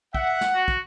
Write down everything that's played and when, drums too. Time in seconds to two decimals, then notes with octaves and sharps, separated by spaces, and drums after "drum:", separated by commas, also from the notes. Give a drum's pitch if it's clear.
0.15 E5 F#5, drum: kick
0.41 drum: snare
0.55 F#4
0.68 drum: kick